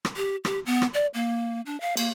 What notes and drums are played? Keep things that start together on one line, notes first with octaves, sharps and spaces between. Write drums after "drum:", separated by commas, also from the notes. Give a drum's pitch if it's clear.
drum: rim click
G4
G4, drum: rim click
B3
drum: rim click
D5
A#3
D4
F5
A#3, drum: cymbal